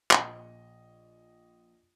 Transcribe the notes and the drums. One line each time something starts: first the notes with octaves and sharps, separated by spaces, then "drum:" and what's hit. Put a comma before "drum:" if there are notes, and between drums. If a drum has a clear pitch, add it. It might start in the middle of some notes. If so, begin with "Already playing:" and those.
A#1 D#5, drum: clap